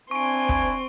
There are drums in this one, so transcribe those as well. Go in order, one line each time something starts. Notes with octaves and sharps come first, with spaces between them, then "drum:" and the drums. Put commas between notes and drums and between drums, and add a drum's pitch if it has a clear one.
C4 D4 E4 G#5 C6 C#6 D7
drum: kick